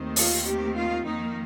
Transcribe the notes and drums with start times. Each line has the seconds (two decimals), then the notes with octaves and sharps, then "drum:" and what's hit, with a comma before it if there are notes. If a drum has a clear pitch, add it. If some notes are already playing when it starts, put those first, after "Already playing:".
Already playing: D#2 D#3 A3 C4
0.16 F4, drum: open hi-hat
0.45 G4
0.75 F4
1.05 F2 D#3 A#3 D#4